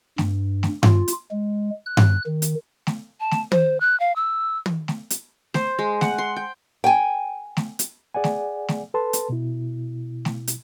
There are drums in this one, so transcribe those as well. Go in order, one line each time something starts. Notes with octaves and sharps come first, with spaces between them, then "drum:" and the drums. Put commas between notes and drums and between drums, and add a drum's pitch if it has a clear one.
G2, drum: snare A3
drum: snare A3
F4, drum: tom G2
drum: hi-hat
G#3
F#6
drum: tom G2
D#3
drum: hi-hat
drum: snare A3
A5
drum: snare A3
C5, drum: tom
F#6
F5
E6
drum: tom
drum: snare A3
drum: hi-hat
C5, drum: snare A3
G#3
F#5, drum: snare A3
C6
G5
G5 G#5
drum: snare A3
drum: hi-hat
G#4 D5 F#5 G#5
drum: snare A3
drum: snare A3
A4 B4 A5 C6
drum: hi-hat
B2 E4
drum: snare A3
drum: hi-hat